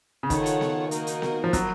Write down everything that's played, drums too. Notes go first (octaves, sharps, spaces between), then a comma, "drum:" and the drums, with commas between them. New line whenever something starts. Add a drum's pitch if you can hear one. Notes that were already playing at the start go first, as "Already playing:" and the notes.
C#3
D#3 F4 A4 C#5 F#5, drum: kick, hi-hat
drum: hi-hat
drum: snare B3
A#3 D#4 F#4 A#4, drum: hi-hat
drum: hi-hat
drum: snare B3
F3
F#3, drum: kick, hi-hat